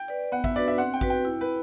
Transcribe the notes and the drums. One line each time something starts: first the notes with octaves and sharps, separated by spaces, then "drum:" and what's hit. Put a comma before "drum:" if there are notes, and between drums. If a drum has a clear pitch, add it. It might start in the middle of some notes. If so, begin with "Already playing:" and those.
Already playing: G5
B4 D5
B3 F#5
E5, drum: kick A1
D4 F#4 B4 D5
E5
C4 F#5
G5
F#4 B4, drum: kick A1
G5
E4
B4